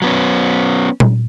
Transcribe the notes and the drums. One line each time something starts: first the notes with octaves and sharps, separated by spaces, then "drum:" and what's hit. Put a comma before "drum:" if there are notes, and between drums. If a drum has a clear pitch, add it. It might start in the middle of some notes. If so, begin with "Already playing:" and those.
F#3 B3 C#4
drum: tom A#2